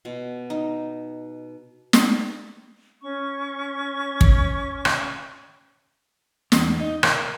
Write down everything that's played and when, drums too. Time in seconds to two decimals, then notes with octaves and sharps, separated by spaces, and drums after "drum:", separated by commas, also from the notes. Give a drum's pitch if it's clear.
0.05 B2
0.50 D#4
1.93 drum: snare
3.01 C#4 C#6
4.21 drum: kick
4.85 drum: rim click
6.52 E2, drum: snare
6.79 D#4
7.03 A#4, drum: rim click